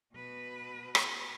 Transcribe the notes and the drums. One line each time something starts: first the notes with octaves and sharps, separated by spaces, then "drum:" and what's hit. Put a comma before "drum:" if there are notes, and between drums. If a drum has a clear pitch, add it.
B2 B4
drum: rim click